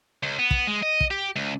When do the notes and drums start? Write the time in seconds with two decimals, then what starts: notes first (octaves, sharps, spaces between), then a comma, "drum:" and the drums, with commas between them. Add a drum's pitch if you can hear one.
0.23 C#2
0.39 B3
0.51 drum: kick
0.67 G#3
0.83 D#5
1.01 drum: kick
1.11 G4
1.36 C#2